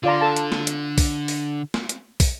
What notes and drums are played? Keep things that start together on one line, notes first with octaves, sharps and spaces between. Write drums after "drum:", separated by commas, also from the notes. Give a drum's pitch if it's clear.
D3 F4 D5 A#5
A4 A5
drum: hi-hat
drum: snare
drum: hi-hat
drum: kick, open hi-hat
drum: open hi-hat
drum: snare
drum: hi-hat
drum: kick, open hi-hat